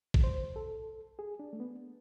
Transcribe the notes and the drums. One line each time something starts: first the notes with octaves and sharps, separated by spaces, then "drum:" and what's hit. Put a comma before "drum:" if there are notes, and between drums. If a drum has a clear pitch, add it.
drum: kick A1
C5
A4
G#4
D4
A3
B3